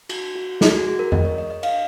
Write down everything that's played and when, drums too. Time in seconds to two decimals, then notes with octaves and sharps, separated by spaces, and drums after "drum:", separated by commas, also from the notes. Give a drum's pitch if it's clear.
0.09 F#4, drum: cymbal
0.36 F#4
0.61 G#4, drum: snare
0.73 F#4
0.87 G#4
0.99 A#4
1.12 D#5, drum: tom F2
1.25 C#5
1.38 D#5
1.51 D#5
1.63 F5, drum: cymbal